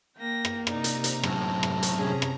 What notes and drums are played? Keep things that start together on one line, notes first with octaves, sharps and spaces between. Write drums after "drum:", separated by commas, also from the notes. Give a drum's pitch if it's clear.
A#3 G5 A#6
drum: rim click
C3 D#4 D5 A#5, drum: rim click
drum: hi-hat
drum: hi-hat
F#2 A2 A5, drum: rim click
drum: rim click
drum: hi-hat
C#4 G#4
drum: rim click